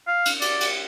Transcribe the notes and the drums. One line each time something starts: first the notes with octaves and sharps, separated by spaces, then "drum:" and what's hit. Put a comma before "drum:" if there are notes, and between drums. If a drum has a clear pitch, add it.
F5
drum: cymbal
D5, drum: cymbal
drum: cymbal